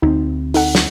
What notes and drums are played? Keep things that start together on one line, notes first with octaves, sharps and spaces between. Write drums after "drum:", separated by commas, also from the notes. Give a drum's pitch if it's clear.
D2 C4 D#4
D#4 A4 F#5, drum: open hi-hat
drum: snare